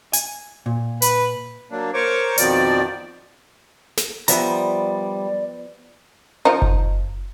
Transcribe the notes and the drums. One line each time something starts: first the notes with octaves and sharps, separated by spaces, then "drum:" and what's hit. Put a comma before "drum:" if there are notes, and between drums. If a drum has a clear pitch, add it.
G#5, drum: hi-hat
A#2
B4, drum: hi-hat
F#3 A#3 D4
A#4 C5 C#5 C#6 D6
F2 B2 D#3 F3 D5, drum: hi-hat
drum: snare
F3 G3 B3 D5 E5 A#5, drum: hi-hat
F3 D#4
drum: kick F#1